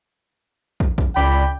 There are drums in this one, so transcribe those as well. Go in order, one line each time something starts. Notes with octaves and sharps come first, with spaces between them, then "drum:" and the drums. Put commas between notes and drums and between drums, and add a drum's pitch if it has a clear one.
drum: kick
drum: kick
C#2 D5 G5 B5